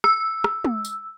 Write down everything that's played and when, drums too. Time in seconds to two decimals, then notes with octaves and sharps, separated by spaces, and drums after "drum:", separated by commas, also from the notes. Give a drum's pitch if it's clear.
0.04 E6, drum: rim click
0.44 drum: rim click
0.64 drum: tom
0.85 drum: tambourine